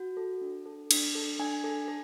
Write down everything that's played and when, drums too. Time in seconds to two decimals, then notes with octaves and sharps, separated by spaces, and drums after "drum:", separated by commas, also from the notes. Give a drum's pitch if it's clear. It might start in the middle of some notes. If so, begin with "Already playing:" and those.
Already playing: F#4
0.17 A4
0.41 D4
0.66 A4
0.91 D4, drum: cymbal
1.15 A4
1.39 D4 G#5
1.64 A4
1.88 A4